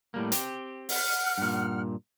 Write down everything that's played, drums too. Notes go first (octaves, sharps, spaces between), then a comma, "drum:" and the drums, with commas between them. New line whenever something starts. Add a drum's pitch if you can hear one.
A2 G3 A#3
C4 G4, drum: hi-hat
F#5 F6, drum: open hi-hat
G2 A#2